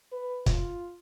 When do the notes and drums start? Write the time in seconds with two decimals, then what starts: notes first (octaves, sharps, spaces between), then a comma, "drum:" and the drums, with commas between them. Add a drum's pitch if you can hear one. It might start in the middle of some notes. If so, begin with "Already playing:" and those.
0.12 B4
0.46 F4, drum: kick, hi-hat